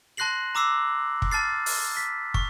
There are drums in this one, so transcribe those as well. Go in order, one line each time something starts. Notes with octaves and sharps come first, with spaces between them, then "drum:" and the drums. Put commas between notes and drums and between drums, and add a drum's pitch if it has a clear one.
A5 C6 F#6 A#6 C7 F#7
A#5 D6 E6 C7
drum: kick
A5 F6 A6 C7
drum: open hi-hat
B6
C#6, drum: kick